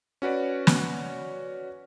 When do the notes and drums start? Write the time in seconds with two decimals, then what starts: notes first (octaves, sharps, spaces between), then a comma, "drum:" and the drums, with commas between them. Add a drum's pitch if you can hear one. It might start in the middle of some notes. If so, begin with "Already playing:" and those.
0.22 C#4 F#4 B4 D5
0.67 drum: snare